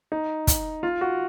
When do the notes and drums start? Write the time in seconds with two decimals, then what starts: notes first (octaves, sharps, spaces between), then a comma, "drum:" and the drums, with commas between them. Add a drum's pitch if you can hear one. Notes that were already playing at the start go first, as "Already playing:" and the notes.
0.12 D#4
0.47 drum: kick, hi-hat
0.83 F4
1.01 F#4